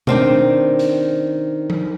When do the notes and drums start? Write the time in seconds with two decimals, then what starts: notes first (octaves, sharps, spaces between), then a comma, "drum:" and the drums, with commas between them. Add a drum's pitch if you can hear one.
0.07 D#3 C4 D4, drum: tom B2
0.79 drum: hi-hat
1.70 drum: tom F3